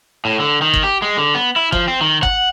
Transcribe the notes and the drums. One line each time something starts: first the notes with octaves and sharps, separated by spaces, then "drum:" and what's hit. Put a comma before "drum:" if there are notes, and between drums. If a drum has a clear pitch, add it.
A2
D3
D#3
drum: kick
G4
G#3
D3
B3
E4
F3, drum: kick
C4
D#3
F#5, drum: kick